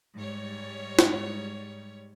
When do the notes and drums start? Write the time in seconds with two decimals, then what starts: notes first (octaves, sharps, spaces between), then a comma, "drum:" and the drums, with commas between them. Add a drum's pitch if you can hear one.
0.15 G#2 G3 C#5
0.99 drum: snare